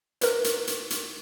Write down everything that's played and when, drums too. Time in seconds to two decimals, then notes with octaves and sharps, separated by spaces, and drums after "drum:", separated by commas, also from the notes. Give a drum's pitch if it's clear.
0.21 A#4 B4, drum: hi-hat
0.44 drum: hi-hat
0.67 drum: hi-hat
0.90 drum: hi-hat